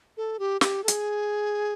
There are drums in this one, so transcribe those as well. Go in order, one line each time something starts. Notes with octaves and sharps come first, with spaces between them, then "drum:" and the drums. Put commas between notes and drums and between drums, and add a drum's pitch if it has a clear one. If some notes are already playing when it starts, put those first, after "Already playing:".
A4
G4
G4, drum: snare
A4
G#4, drum: hi-hat